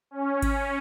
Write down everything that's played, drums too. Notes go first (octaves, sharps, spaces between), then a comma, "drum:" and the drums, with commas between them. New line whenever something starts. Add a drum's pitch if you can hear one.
C#4
drum: kick G#1, cymbal